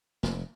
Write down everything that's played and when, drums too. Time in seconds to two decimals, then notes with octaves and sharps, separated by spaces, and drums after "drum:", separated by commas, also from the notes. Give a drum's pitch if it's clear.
0.23 F1, drum: snare